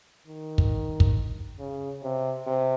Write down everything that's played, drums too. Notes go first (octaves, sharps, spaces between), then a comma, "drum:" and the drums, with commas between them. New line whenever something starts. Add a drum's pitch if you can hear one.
D#3
drum: kick
drum: kick
C#3
C3
C3